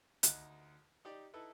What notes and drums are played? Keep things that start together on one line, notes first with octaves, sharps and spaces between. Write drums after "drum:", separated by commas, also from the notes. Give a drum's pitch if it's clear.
D2 D#4 F#6, drum: hi-hat
D#4 G4 D5
D#4 E4 A4 B4